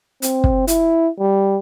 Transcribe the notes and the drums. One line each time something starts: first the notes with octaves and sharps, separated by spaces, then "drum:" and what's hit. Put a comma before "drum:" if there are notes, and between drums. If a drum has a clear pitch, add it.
C4, drum: hi-hat
drum: kick
E4, drum: hi-hat
G3